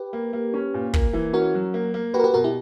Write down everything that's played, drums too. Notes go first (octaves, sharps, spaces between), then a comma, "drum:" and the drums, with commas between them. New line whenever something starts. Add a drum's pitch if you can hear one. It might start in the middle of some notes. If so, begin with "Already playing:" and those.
Already playing: G4 B4
A#3
A#3
C#4
A#2
A#3, drum: kick
E3
C#4 F#4 A#4
F#3
A#3
A#3
F#4 G4 B4
A#4
G4 B4
B2 F#4 A#4
E4 G4